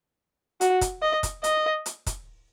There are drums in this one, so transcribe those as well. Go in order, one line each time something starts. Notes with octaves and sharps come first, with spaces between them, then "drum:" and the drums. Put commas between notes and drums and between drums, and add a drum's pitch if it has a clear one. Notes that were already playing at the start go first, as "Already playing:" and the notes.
F#4, drum: hi-hat
drum: kick, hi-hat
D#5
drum: kick, hi-hat
D#5, drum: hi-hat
drum: hi-hat
drum: kick, hi-hat